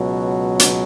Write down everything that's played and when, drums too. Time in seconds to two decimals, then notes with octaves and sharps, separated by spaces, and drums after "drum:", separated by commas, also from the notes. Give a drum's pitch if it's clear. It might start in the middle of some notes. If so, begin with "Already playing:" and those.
Already playing: C#2 B2 F#3
0.59 drum: hi-hat